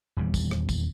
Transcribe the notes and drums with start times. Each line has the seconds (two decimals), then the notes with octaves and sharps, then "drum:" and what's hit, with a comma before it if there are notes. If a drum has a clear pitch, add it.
0.17 D#1 E2 G3
0.34 drum: kick, tambourine
0.51 drum: rim click
0.69 drum: kick, tambourine